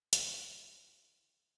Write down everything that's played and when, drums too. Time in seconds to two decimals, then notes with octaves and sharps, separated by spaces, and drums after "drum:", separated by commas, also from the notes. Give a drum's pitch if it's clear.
0.13 C4 E4 G4 C5 A#5, drum: hi-hat